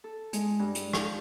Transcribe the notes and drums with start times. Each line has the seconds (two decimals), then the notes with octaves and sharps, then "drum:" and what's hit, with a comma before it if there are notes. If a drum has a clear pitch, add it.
0.04 A4
0.33 G#3, drum: hi-hat
0.59 G2
0.75 drum: hi-hat
0.93 F3, drum: rim click